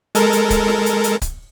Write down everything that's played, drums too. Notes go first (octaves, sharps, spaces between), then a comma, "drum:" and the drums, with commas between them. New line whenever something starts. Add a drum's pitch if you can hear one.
G#3 A4 A#4, drum: hi-hat
drum: hi-hat
drum: kick C#1, hi-hat
drum: snare
drum: hi-hat
drum: hi-hat
drum: kick C#1, hi-hat